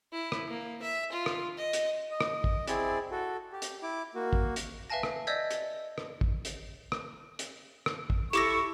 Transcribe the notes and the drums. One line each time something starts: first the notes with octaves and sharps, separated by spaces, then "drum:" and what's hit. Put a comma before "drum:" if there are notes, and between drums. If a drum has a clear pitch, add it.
E4
drum: rim click
A#3
E5
F4
drum: rim click
D#5
drum: hi-hat
D#5
drum: rim click
drum: kick
C4 E4 G#4 D5, drum: hi-hat
F#4 A4
G4
drum: hi-hat
E4 D6
A#3 F#4
drum: kick
drum: hi-hat
B4 E5 F5 G#5 A5 A#6
drum: rim click
D5 D#5 E6 G6 G#6 B6
drum: hi-hat
drum: rim click
drum: kick
drum: hi-hat
drum: rim click
drum: hi-hat
drum: rim click
drum: kick
E4 G4 A4 C#6 D6 A#6, drum: hi-hat